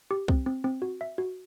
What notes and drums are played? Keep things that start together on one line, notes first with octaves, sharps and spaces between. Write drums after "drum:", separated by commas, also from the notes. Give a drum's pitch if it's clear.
G4
C4, drum: kick C2
C4
C4
F#4
E5
F#4